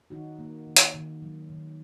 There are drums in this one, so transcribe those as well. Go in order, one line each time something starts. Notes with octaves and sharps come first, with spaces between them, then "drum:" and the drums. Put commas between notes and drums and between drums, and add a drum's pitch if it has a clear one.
D#3 D#4 F#4
A#3
D#3
drum: hi-hat
D#3
F#3
D#3